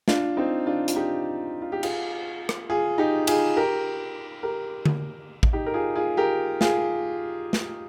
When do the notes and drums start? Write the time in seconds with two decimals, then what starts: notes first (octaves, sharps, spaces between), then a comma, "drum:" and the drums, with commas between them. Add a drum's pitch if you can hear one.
0.08 D4 F4, drum: snare
0.37 C4 D#4
0.66 D4 F4
0.88 F4, drum: hi-hat
0.96 D#4 G4
1.62 F4
1.72 G4
1.83 F4 G#4, drum: cymbal
2.49 drum: rim click
2.70 F4 G#4
2.98 D#4 G4
3.27 F4 G#4, drum: cymbal
3.57 G4 A#4
4.43 G4 A#4
4.85 drum: tom D3
5.43 drum: kick A1
5.53 D#4 G4
5.66 A#4
5.74 F4 G#4
5.96 F4 G#4
6.17 G4 A#4
6.61 F4 G#4, drum: snare
7.53 drum: snare